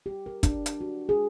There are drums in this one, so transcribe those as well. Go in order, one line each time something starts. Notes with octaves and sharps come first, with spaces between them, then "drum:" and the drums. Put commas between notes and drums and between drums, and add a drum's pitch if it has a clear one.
G4
A#4
D4, drum: kick, hi-hat
drum: hi-hat
F#4
G#4